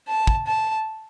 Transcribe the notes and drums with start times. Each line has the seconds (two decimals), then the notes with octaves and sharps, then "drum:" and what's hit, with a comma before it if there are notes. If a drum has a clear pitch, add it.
0.08 A5
0.27 drum: kick
0.47 A5